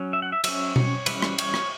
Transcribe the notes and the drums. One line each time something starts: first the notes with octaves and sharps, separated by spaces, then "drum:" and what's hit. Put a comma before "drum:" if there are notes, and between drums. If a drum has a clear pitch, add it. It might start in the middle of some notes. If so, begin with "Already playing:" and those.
Already playing: F#3 C#4
E5
F#5
E5
F#3 C#4 E5, drum: cymbal
C#5, drum: tom B2
E3 G3 C#4 B4, drum: cymbal
drum: rim click
C#5, drum: cymbal
drum: rim click